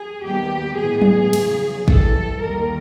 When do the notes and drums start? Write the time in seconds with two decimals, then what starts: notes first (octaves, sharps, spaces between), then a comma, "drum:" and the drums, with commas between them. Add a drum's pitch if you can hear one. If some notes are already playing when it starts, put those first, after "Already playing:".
Already playing: G#4
0.23 D#2 D#3 G3 B3 G4
0.78 A2 E3 G#3 B3 G#4
1.02 drum: tom F#3
1.33 E2 C#3 F#3, drum: cymbal
1.88 G2 E3 G3 A4, drum: kick
2.42 D#2 D#3 G3 A#4